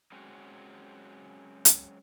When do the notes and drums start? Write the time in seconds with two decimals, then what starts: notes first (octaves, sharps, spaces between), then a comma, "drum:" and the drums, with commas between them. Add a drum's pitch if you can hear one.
0.12 F#3 G#3 C4 C#4 F#4
1.65 drum: hi-hat